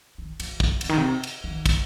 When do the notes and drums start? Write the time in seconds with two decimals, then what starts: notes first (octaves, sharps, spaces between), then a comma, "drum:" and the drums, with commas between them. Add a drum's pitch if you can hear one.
0.18 D#3
0.40 E3, drum: cymbal
0.60 D#3, drum: kick
0.81 C3, drum: cymbal
0.89 D#3
0.98 C3
1.23 drum: cymbal
1.44 D#3
1.66 drum: kick, cymbal